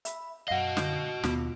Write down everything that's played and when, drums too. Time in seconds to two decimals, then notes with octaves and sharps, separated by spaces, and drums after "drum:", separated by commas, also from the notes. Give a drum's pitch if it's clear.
0.05 E5 B5, drum: hi-hat
0.48 F#2 F#4 D#5 F5 F#5 A#6 C7
0.77 D3 G6, drum: snare
1.24 D#2 B2 B3 F4, drum: snare